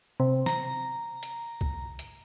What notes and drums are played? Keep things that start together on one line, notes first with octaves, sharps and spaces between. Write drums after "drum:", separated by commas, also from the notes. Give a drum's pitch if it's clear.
C3
A#5, drum: snare
drum: hi-hat
drum: kick
drum: hi-hat